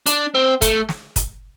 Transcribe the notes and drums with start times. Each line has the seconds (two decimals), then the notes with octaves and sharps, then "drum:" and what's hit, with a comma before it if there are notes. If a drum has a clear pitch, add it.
0.06 D4, drum: hi-hat
0.35 C4
0.62 A3, drum: kick, hi-hat
0.89 drum: snare
1.16 drum: kick, hi-hat